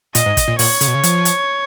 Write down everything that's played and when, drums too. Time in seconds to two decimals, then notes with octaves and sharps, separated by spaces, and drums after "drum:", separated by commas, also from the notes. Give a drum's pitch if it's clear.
0.15 A#2 D#5, drum: hi-hat
0.26 G#2
0.37 drum: kick, hi-hat
0.48 A#2
0.59 A#2 C#5, drum: open hi-hat
0.81 C#3, drum: hi-hat
0.88 B2
0.95 C#3
1.03 F3, drum: hi-hat
1.25 drum: hi-hat